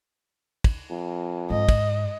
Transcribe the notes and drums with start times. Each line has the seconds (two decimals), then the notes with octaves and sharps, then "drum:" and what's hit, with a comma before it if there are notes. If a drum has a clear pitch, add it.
0.64 drum: kick, cymbal
0.90 F2
1.50 G#2 D#5
1.69 drum: kick, cymbal